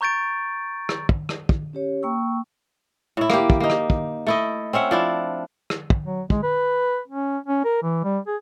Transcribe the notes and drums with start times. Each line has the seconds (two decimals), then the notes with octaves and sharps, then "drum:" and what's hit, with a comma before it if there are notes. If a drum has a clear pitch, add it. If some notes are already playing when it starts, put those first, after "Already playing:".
0.01 A#5 C#6 G6 A6 D7
0.89 drum: rim click
1.09 drum: kick
1.29 drum: rim click
1.49 drum: kick
1.73 C#4 G4 C#5
2.03 A#3 G5 C#6 E6
3.17 A2 E4
3.30 A#3 G4, drum: rim click
3.50 drum: kick
3.60 A#3 D#4
3.70 drum: rim click
3.90 drum: kick
4.27 A3 E4 D#5
4.73 C4 C#4 E5 F#5
4.91 F3 D4 E4
5.70 drum: rim click
5.90 drum: kick
6.05 F#3
6.30 G#3, drum: kick
6.43 B4
7.08 C#4
7.46 C#4
7.64 A#4
7.83 E3
8.04 G3
8.27 G#4